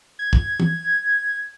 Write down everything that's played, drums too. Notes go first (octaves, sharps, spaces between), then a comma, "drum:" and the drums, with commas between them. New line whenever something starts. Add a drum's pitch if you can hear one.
G#6
drum: kick
drum: tom